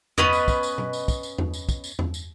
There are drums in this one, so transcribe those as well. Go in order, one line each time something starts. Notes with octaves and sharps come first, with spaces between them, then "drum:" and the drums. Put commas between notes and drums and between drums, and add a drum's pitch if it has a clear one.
B3 C#4 B4 D#5, drum: tom E2
drum: tambourine
drum: kick, tambourine
drum: tambourine
drum: tom B2
drum: tambourine
drum: kick, tambourine
drum: tambourine
drum: tom E2
drum: tambourine
drum: kick, tambourine
drum: tambourine
drum: tom E2
drum: tambourine